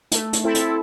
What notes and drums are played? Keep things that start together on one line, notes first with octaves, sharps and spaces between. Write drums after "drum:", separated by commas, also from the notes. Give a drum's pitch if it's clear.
A3, drum: hi-hat
drum: hi-hat
C4 E4 A4
drum: hi-hat